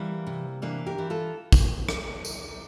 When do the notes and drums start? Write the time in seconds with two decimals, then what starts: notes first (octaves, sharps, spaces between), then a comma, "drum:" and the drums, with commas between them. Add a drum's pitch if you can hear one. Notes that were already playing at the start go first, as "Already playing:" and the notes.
Already playing: E3 G3 A#3
0.27 C3
0.62 E3 A#3 D4
0.86 G4 A#4
0.98 E3
1.10 F4 A4
1.52 drum: kick, tambourine
1.89 drum: rim click
2.25 drum: tambourine